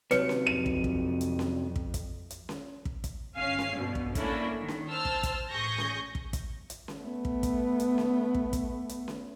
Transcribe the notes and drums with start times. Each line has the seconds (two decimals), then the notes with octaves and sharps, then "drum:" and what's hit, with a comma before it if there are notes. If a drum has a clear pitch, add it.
0.11 C3 F#3 B4 C#5 C#7, drum: hi-hat
0.29 drum: snare C#4
0.47 F2 D#7
0.66 drum: kick
0.84 drum: kick
1.21 drum: hi-hat
1.39 drum: snare C#4
1.76 drum: kick
1.94 drum: kick, hi-hat
2.30 drum: hi-hat
2.49 drum: snare C#4
2.85 drum: kick
3.04 drum: kick, hi-hat
3.36 G1 C#4 F5 G#5 C7
3.59 drum: snare C#4
3.76 G2 B2 D3
3.95 drum: kick
4.15 D3 A3 A#3 C#4 D4 E4, drum: kick, hi-hat
4.57 D#3
4.68 drum: snare C#4
4.89 C5 A5 E6 F6
5.05 drum: kick
5.23 drum: kick, hi-hat
5.51 A1 G#4 C#6 G6 A#6
5.78 drum: snare C#4
6.15 drum: kick
6.33 drum: kick, hi-hat
6.70 drum: hi-hat
6.88 drum: snare C#4
7.01 A3 B3
7.25 drum: kick
7.43 drum: kick, hi-hat
7.80 drum: hi-hat
7.98 drum: snare C#4
8.34 drum: kick
8.53 drum: kick, hi-hat
8.89 drum: hi-hat
9.08 drum: snare C#4